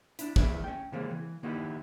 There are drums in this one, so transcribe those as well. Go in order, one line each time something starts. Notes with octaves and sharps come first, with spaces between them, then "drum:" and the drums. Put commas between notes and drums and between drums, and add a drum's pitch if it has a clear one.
D4 E4, drum: hi-hat
E3 E4 G#4 B4 D5 E5, drum: kick
C#4 G5
C#3 E3 G3 G#3 A#3 C4
E3
D#3 A#3 B3 D#4 E4 G4